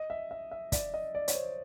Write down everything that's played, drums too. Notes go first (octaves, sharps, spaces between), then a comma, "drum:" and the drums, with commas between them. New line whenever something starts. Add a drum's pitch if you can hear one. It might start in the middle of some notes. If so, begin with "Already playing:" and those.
Already playing: D#5
E5
E5
E5
D5, drum: kick, hi-hat
D#5
D5
C#5, drum: hi-hat
C5